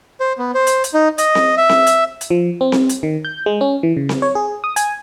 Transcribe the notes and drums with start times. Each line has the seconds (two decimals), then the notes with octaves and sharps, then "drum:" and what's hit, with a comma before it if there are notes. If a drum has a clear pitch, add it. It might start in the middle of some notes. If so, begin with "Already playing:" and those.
0.20 C5
0.38 B3
0.55 C5
0.67 drum: hi-hat
0.84 drum: hi-hat
0.94 D#4
1.18 D#5, drum: hi-hat
1.35 drum: snare C4
1.57 E5
1.69 drum: snare C4
1.87 drum: hi-hat
2.21 drum: hi-hat
2.30 F3
2.61 C4
2.72 drum: snare C4
2.89 drum: hi-hat
3.03 D#3
3.25 G6
3.46 G#3
3.61 C#4
3.83 E3
3.97 C#3
4.09 drum: snare C4
4.22 C#5
4.35 G#4
4.64 D#6
4.76 G#5, drum: hi-hat